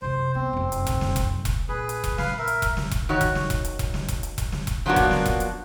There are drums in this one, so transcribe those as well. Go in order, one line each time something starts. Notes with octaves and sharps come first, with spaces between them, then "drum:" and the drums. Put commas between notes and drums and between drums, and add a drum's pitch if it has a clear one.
F#2 C3 C5
B3 C4
F1 F#2
drum: hi-hat
drum: kick E1, hi-hat
drum: snare
drum: kick E1, hi-hat
drum: kick E1, hi-hat
A#1 G#4 B4
drum: hi-hat
drum: kick E1, hi-hat
B4 F5, drum: snare
A#4 E5
drum: hi-hat
drum: kick E1, hi-hat
drum: snare
drum: kick E1, hi-hat
D#3 F#4 C#5
drum: kick E1, hi-hat
drum: snare
drum: kick E1, hi-hat
drum: hi-hat
drum: kick E1, hi-hat
drum: snare
drum: kick E1, hi-hat
drum: hi-hat
drum: kick E1, hi-hat
drum: snare
drum: kick E1, hi-hat
F3 F#3 A#3 B3 D4 F#4
drum: kick E1, hi-hat
drum: snare
drum: kick E1, hi-hat
drum: hi-hat